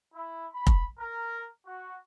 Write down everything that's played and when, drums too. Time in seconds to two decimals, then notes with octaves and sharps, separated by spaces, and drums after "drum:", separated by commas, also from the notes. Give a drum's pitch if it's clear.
0.13 E4
0.52 B5
0.67 drum: kick F1
0.98 A#4
1.65 F#4